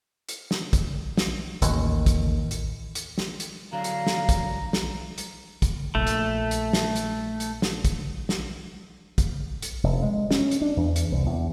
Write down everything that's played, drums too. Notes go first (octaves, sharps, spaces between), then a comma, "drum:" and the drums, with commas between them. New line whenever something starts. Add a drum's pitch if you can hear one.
drum: hi-hat
drum: snare
drum: kick, hi-hat
drum: snare
A1 D#2, drum: hi-hat
drum: kick, hi-hat
drum: hi-hat
drum: hi-hat
drum: snare
drum: hi-hat
D3 F#3 D4 F5 A#5
drum: hi-hat
drum: snare
drum: kick, hi-hat
drum: snare
drum: hi-hat
drum: kick, hi-hat
A#1 A3
drum: hi-hat
drum: hi-hat
drum: snare
drum: hi-hat
drum: hi-hat
drum: snare
drum: kick, hi-hat
drum: snare
drum: kick, hi-hat
drum: hi-hat
F1
G#3
C#4, drum: snare
drum: hi-hat
D4
E2
drum: hi-hat
C2
E2